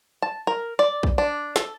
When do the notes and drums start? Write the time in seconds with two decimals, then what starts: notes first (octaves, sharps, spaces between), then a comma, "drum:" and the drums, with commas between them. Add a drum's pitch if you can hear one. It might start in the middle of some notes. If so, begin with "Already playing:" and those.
0.22 A5
0.47 A#4
0.79 D5
1.03 drum: kick A#1
1.18 D4
1.56 A4, drum: snare